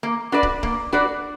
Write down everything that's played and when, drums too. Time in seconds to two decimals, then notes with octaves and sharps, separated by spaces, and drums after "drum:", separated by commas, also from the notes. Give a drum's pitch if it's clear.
0.03 A#3
0.32 D4 F#4 B4 D5
0.43 drum: kick
0.63 A#3, drum: kick
0.93 D4 F#4 B4 D5